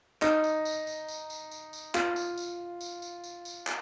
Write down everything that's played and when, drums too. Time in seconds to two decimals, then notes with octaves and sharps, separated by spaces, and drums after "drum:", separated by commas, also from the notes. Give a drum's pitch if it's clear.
0.22 D#4, drum: clap
0.44 drum: tambourine
0.65 drum: tambourine
0.87 drum: tambourine
1.08 drum: tambourine
1.30 drum: tambourine
1.51 drum: tambourine
1.73 drum: tambourine
1.95 F4, drum: clap
2.16 drum: tambourine
2.38 drum: tambourine
2.81 drum: tambourine
3.02 drum: tambourine
3.24 drum: tambourine
3.45 drum: tambourine
3.67 drum: clap